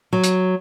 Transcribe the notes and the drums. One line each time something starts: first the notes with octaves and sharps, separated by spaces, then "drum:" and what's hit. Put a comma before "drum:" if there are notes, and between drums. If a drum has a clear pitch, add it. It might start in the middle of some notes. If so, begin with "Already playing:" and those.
F#3
drum: hi-hat